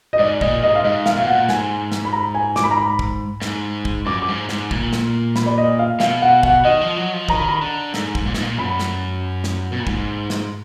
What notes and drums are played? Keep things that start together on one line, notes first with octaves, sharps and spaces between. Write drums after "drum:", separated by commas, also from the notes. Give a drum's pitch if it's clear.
D#5
G#2 D5
A#2 D#5, drum: kick
G#2 D#5
F5
G#2 D#5
F5, drum: snare
A#2 F5
B2 F#5
A#2
G#2 G#5, drum: snare
drum: snare
B5
A#5
G#5
D6, drum: snare
B5
A#5
B5
drum: kick
G#2, drum: snare
drum: kick
F#2 D6
D6
G#2
G#2, drum: snare
A#2, drum: kick
drum: snare
B5, drum: snare
D5
D#5
F5
B2 F5, drum: snare
F#5
F#5, drum: kick
D#3 D#5
F3
F#3
F3
D#3 A#5, drum: kick
B5
A#5
D3
G#2, drum: snare
drum: kick
A#2
G#2, drum: snare
A#2
F#2 B5
drum: snare
drum: snare
B2
A#2
G#2, drum: kick
drum: snare